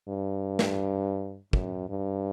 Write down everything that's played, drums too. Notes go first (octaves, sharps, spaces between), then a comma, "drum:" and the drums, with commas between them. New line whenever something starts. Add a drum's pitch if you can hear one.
G2
drum: snare
F#2, drum: kick
G2